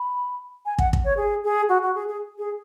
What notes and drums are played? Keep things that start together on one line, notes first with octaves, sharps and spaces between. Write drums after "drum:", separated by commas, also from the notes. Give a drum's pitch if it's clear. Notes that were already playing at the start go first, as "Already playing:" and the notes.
Already playing: B5
G#5
F#5, drum: kick
drum: kick
C#5
G#4
G#4
F#4
F#4
G#4
G#4
G#4